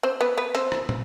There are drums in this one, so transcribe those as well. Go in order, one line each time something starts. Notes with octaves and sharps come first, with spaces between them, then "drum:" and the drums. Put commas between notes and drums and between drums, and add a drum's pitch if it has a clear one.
C4 C5
B3 B4
B3 B4
C4 C5, drum: hi-hat
drum: rim click
drum: tom